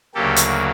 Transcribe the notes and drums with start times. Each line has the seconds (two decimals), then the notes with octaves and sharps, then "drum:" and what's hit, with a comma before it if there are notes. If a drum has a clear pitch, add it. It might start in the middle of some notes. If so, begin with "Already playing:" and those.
0.14 D2 C#3 F#3 A#3 G4 A4
0.36 drum: hi-hat